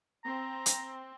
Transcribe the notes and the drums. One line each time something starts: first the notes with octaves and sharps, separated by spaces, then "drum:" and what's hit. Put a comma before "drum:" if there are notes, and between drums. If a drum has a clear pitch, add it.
C4 A#5
drum: hi-hat